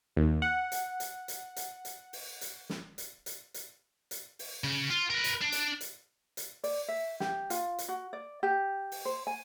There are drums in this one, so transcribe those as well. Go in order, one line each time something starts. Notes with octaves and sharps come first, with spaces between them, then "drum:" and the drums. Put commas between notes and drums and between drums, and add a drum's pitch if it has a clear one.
D#2
F#5
drum: hi-hat
drum: hi-hat
drum: hi-hat
drum: hi-hat
drum: hi-hat
drum: open hi-hat
drum: hi-hat
drum: snare
drum: hi-hat
drum: hi-hat
drum: hi-hat
drum: hi-hat
drum: open hi-hat
C#3
F4
A#4 B4
drum: hi-hat
D4
drum: hi-hat
drum: hi-hat
drum: hi-hat
D5, drum: open hi-hat
E5
G4, drum: snare
F4, drum: hi-hat
drum: hi-hat
F#4
D5
G4
drum: open hi-hat
C5
G#5